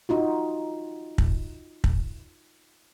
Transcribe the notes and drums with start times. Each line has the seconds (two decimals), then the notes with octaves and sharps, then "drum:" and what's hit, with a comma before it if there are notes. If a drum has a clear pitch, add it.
0.09 D#4 F4 F#4
1.18 drum: kick
1.84 drum: kick